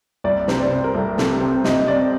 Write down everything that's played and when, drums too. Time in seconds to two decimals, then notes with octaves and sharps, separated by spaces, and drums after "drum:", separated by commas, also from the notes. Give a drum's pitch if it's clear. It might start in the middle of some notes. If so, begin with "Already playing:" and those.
0.24 C2 D5
0.48 C3 C5, drum: snare
0.61 D5
0.71 C3 C5
0.84 A#4
0.95 C2 A4
1.18 C3 A4, drum: snare
1.41 C4 C5
1.64 C3 D#5, drum: snare
1.88 C4 D5